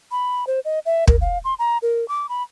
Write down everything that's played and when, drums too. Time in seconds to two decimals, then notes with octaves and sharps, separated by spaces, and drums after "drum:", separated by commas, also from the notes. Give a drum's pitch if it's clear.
0.11 B5
0.47 C5
0.65 D#5
0.86 E5
1.07 A#4, drum: kick
1.21 F5
1.44 C6
1.59 A#5
1.82 A#4
2.08 D6
2.29 B5